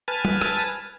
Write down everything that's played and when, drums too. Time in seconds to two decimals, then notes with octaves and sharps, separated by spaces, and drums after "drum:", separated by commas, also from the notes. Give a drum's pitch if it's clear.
0.08 B4 G#5 A5 F6
0.25 drum: tom
0.41 drum: rim click
0.58 drum: tambourine